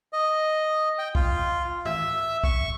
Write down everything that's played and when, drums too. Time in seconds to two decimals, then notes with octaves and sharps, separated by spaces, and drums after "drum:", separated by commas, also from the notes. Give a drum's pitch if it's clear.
0.13 D#5
0.98 G5
1.15 F4, drum: kick
1.85 E5, drum: tom G2
2.44 C#6, drum: kick